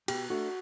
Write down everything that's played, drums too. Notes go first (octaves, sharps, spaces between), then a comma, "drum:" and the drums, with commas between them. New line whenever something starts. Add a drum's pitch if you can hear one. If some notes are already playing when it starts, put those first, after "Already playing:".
B2 G4, drum: cymbal
A3 D4 F#4